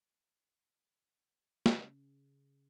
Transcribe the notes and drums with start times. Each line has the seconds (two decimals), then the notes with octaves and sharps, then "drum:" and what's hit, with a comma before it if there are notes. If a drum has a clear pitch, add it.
1.66 C#3, drum: snare